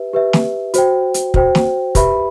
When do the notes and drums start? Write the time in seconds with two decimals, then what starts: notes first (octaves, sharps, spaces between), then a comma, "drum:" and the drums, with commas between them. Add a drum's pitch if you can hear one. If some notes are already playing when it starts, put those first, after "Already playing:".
Already playing: G4 B4 E5
0.13 G4 B4 E5
0.33 drum: snare
0.74 F#4 C5 G5, drum: hi-hat
1.14 drum: hi-hat
1.34 F#4 C5 G5, drum: kick
1.55 drum: snare
1.95 G4 B4 E5 B5, drum: kick, hi-hat